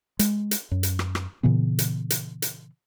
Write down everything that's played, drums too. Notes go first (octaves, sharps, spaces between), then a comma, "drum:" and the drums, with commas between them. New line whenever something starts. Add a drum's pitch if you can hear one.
G#3, drum: hi-hat
drum: hi-hat
F#2
drum: hi-hat
drum: rim click
drum: rim click
A#2 C#3 E3 B3
drum: hi-hat
drum: hi-hat
drum: hi-hat